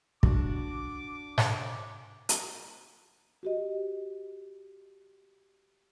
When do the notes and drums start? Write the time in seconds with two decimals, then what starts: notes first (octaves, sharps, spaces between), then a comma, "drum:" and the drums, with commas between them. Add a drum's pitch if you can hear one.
0.23 D4 F#4 D6, drum: kick
1.38 drum: snare G#2
2.29 drum: hi-hat
3.43 F#4 G4 D#5